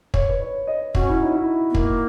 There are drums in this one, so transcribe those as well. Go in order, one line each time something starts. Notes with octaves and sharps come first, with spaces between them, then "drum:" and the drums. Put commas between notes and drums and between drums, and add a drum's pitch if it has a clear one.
C#5, drum: kick
B4
C#5
D#5
C#4 F#4, drum: kick
E4
D#4
E4
B3
A#3, drum: kick